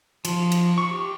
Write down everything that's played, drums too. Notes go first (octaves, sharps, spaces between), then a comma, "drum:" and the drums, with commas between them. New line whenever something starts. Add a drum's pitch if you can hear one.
F3, drum: cymbal
drum: cymbal
C#6
G4